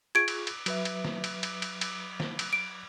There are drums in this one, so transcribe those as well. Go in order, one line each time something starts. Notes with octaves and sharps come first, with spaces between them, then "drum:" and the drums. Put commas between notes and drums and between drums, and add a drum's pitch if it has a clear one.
F4 G#4 C#6 G#6 D7
drum: cymbal
drum: cymbal
F#3 B4 E5, drum: cymbal
drum: cymbal
drum: snare
drum: cymbal
drum: cymbal
drum: cymbal
drum: cymbal
drum: snare
drum: cymbal
D7